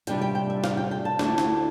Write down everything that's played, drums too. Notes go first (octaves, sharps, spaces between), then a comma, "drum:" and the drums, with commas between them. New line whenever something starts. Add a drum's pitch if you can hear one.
C3 G3 D4 F4 G5, drum: hi-hat
G5
G5
E5
F5, drum: snare
G5
G5
A5
D2 D3 A3 E4, drum: snare
drum: snare